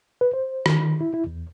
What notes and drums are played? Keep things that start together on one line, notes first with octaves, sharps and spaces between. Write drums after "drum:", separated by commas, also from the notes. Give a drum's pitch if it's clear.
B4
C5
D#3, drum: rim click
E4
E4
E2